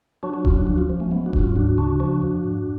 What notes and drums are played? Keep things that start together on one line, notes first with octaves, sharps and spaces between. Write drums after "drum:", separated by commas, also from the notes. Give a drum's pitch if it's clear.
F#3 D4 F#4
D4 F#4
D2 C#4 F4, drum: kick D#1
D4 F#4
F3 D4 F#4
C#4 F4
F3
A3 C#4
F#3 G#3 B3
D4 F#4
G#2, drum: kick D#1
C#4 F4
D2 D4 F#4
C#3 D4 F#4
F3 D4 F#4
F2
G#2